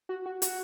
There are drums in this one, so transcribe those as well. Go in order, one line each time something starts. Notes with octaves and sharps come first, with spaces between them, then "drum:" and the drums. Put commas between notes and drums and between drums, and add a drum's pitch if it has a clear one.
F#4
F#4
F#4, drum: hi-hat